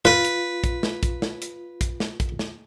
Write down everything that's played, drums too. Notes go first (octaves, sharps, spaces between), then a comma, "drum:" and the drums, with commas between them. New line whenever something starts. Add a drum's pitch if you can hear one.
F4 B4, drum: snare
drum: hi-hat
drum: kick, hi-hat
drum: snare
drum: kick, hi-hat
drum: snare
drum: hi-hat
drum: kick, hi-hat
drum: snare
drum: kick, hi-hat
drum: snare